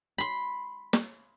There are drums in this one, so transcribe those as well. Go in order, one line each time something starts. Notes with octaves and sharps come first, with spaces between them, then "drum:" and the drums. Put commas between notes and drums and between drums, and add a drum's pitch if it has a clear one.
B5 C6
drum: snare